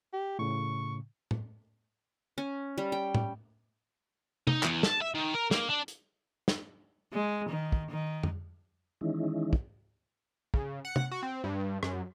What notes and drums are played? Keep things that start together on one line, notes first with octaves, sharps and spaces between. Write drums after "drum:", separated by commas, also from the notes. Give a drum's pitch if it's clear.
G4
A2 C#3 C#6
drum: tom A2
C#4
G3
G5
drum: tom A2
D#4, drum: tom
E2, drum: clap
A5, drum: snare
E5
D#3
A#4
A#3, drum: snare
D4
drum: hi-hat
drum: snare
G#3
D#3
drum: kick
D#3
drum: tom F2
D#3 E3 G#3 C#4 D#4 E4
drum: kick
C#3, drum: kick
F#5
drum: tom
F#4
C4
G2
F#2, drum: rim click